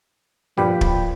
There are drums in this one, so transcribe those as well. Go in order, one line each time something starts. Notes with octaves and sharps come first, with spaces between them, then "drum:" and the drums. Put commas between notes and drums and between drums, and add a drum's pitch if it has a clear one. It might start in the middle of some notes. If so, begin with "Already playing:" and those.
G2 A#2 F3 G3 D5 G5 B5
drum: kick